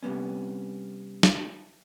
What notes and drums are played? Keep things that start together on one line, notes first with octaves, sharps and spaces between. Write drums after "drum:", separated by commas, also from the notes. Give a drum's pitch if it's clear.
C3 G3 B3 C#4
drum: snare